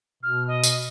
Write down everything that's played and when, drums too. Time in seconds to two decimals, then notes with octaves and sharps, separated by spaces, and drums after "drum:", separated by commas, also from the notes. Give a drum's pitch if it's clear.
0.23 B2 F6
0.47 D#5
0.64 drum: tambourine